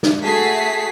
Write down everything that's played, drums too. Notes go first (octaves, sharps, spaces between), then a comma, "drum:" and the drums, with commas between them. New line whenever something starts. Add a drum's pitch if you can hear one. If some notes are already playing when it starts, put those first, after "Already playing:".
drum: snare
A3 F#4 G#4 A5 B6 C7